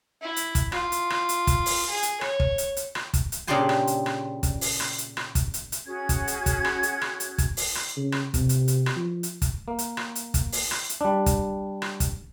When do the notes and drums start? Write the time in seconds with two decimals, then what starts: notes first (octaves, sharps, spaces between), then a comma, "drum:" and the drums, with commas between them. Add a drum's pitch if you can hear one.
0.21 E4
0.36 drum: hi-hat
0.55 drum: kick, hi-hat
0.72 F4, drum: rim click
0.92 drum: hi-hat
1.10 drum: rim click
1.29 drum: hi-hat
1.47 drum: kick, hi-hat
1.66 drum: open hi-hat
1.90 G#4
2.03 drum: hi-hat
2.21 C#5, drum: rim click
2.40 drum: kick
2.58 drum: hi-hat
2.77 drum: hi-hat
2.95 drum: rim click
3.14 drum: kick, hi-hat
3.32 drum: hi-hat
3.47 A#2 C#3 D4 G4 C5 G#5
3.69 drum: rim click
3.87 drum: hi-hat
4.06 drum: rim click
4.43 drum: kick, hi-hat
4.61 drum: open hi-hat
4.80 drum: rim click
4.98 drum: hi-hat
5.17 drum: rim click
5.35 drum: kick, hi-hat
5.54 drum: hi-hat
5.72 drum: hi-hat
5.86 C#4 F#4 G#4 G#6
6.09 drum: kick, hi-hat
6.28 drum: hi-hat
6.46 drum: kick, hi-hat
6.64 drum: rim click
6.83 drum: hi-hat
7.01 drum: rim click
7.20 drum: hi-hat
7.38 drum: kick, hi-hat
7.57 drum: open hi-hat
7.75 drum: rim click
7.96 C#3
8.12 drum: rim click
8.34 C3, drum: kick, hi-hat
8.49 drum: hi-hat
8.68 drum: hi-hat
8.86 drum: rim click
8.96 F3
9.23 drum: hi-hat
9.42 drum: kick, hi-hat
9.68 A#3
9.79 drum: hi-hat
9.97 drum: rim click
10.15 drum: hi-hat
10.34 drum: kick, hi-hat
10.52 drum: open hi-hat
10.71 drum: rim click
10.89 drum: hi-hat
11.01 G3 D4
11.26 drum: kick, hi-hat
11.82 drum: rim click
12.00 drum: kick, hi-hat